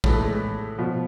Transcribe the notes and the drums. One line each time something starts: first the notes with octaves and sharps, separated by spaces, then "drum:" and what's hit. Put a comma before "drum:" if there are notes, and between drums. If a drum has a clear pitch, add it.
A2 E3 G#3, drum: kick
A3
G#3
B2 F3